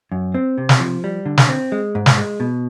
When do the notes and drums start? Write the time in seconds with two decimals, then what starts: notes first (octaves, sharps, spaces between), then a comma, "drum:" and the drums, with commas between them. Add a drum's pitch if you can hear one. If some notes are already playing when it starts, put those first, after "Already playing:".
0.12 F#2
0.34 C4
0.58 C3
0.69 drum: snare
0.80 F3
1.04 G3
1.26 D3
1.38 drum: snare
1.49 C4
1.72 G#3
1.95 G#2
2.06 drum: snare
2.18 G#3
2.40 B2